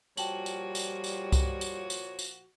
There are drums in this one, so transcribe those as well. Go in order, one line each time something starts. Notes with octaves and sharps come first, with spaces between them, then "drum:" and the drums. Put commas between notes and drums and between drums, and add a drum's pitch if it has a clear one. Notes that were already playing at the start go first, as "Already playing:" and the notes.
A#2 F3 G3 F#4 C#5 G5 A5 F#7, drum: tambourine
drum: tambourine
drum: tambourine
drum: tambourine
drum: kick C2, tambourine
drum: tambourine
drum: tambourine
drum: tambourine